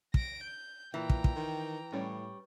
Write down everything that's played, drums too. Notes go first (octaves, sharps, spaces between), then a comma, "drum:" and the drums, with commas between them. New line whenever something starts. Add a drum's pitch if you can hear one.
A#6 D7, drum: kick
G6
A#2 E3 G5 A#5
drum: kick
drum: kick
D#3
A2 G3 C#4